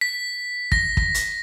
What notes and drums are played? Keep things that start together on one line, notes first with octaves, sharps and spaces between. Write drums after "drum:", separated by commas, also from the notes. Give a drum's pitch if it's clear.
B6
A#6, drum: kick
drum: kick
drum: hi-hat